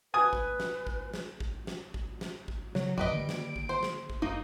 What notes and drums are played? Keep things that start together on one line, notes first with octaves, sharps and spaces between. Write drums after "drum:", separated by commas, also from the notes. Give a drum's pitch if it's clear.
B4 G#5 D#6
drum: kick
drum: snare
drum: kick
drum: snare
drum: kick
drum: snare
drum: kick
drum: snare
drum: kick
C#3 F#3, drum: snare
A1 F#2 G3 B4 D#5 D7
D3 D#3 A#3
drum: snare
drum: kick
C5
drum: snare
drum: kick
F#1 A#3 D#4